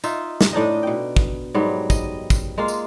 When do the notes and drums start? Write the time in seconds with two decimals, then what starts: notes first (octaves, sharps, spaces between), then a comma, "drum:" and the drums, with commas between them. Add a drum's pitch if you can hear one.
0.04 D#4 F4 E5, drum: tambourine
0.41 drum: snare
0.53 A2 D4 D#4 D#5
0.83 B2 G5
1.17 drum: kick
1.54 G#2 F#3 G3 B3
1.90 D#5, drum: kick, tambourine
2.30 drum: kick, tambourine
2.58 G#3 A#3 F4
2.68 drum: tambourine